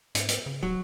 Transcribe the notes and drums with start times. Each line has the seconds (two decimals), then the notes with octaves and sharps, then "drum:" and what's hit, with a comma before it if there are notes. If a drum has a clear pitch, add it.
0.15 G#2, drum: hi-hat
0.29 drum: hi-hat
0.46 C#3
0.63 D1 F#3